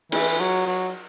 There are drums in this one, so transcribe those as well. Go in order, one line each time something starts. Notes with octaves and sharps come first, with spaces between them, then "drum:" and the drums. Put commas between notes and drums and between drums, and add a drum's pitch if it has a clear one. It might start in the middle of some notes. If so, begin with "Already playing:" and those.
E3, drum: cymbal
F#3
F#3